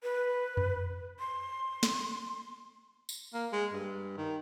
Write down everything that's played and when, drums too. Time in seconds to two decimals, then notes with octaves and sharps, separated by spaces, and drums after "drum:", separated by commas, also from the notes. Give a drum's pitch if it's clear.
0.03 B4
0.57 drum: tom F2
1.19 C6
1.83 drum: snare
3.09 drum: tambourine
3.34 A#3
3.52 G#3
3.73 G2
4.17 D#3